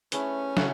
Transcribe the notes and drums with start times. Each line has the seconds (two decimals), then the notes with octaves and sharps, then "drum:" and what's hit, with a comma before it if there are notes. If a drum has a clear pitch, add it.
0.12 A3 C#4 E4 G#4 B4, drum: hi-hat
0.57 C#3 F#3 A3 E4, drum: snare